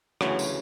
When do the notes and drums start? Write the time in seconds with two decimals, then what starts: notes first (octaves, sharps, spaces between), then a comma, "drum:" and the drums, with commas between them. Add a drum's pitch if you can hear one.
0.21 D2 C#3 E3 F#3, drum: rim click
0.39 drum: tambourine